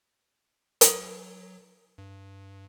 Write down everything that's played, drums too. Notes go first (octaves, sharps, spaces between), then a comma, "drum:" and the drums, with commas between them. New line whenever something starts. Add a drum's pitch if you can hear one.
F#3, drum: hi-hat
G2